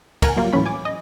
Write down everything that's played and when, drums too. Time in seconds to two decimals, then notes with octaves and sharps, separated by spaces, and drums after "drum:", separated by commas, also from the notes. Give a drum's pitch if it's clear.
0.22 A#4 F#5 G#5 A#5, drum: kick, cymbal
0.37 F#3 G3 A#3 F4
0.53 A2 E3 F#3 C#4 B5
0.66 G#5 D6
0.85 D#5